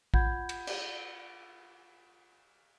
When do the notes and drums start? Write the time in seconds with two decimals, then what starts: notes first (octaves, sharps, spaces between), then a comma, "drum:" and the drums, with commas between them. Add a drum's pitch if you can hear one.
0.14 F4 F#5 B5 G6 G#6, drum: kick
0.49 drum: cymbal
0.67 drum: cymbal